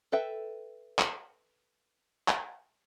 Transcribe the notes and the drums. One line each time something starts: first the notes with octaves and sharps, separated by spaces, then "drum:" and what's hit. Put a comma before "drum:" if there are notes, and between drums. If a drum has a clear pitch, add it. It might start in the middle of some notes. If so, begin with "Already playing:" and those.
A4 B4 E5 G5
drum: clap
drum: clap